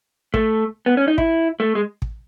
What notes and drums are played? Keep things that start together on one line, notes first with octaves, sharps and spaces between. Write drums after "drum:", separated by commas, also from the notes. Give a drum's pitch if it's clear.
A3, drum: kick
B3
C#4
D#4
E4, drum: kick
A3
G#3
drum: kick